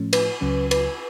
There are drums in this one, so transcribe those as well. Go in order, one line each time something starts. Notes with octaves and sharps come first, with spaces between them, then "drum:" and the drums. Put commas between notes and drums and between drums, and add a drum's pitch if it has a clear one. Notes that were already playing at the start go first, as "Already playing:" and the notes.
Already playing: A2 F3 A3 C#4
B4, drum: cymbal
C#2 C#3 F#3 C#4
B4, drum: cymbal